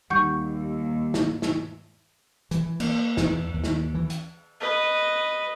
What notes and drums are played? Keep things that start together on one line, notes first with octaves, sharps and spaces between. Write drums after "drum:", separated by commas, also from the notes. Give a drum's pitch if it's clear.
D#2 D#3 G3 F#5 C#6 G6
drum: snare
drum: snare
E3, drum: hi-hat
A#3, drum: cymbal
E2, drum: snare
D#2
drum: snare
E3
drum: hi-hat
B4 D#5